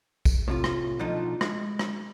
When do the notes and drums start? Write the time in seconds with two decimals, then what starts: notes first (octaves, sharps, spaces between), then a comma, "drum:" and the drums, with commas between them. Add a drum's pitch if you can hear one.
0.25 drum: kick, tambourine
0.48 A2 C3 F4
0.64 drum: rim click
0.99 B2 D3 F3 A3 D#4 F4
1.41 G#3, drum: rim click
1.79 drum: rim click